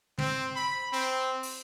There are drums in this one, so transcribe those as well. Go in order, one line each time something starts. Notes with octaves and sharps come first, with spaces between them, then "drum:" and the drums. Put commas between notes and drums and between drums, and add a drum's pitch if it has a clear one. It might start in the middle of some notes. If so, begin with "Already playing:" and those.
C4, drum: tom
B5
C4
drum: open hi-hat